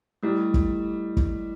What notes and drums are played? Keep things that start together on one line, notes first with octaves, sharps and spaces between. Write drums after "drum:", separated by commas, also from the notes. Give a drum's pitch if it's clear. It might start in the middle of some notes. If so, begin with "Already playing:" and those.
G3 A3 E4 G4
drum: kick
drum: kick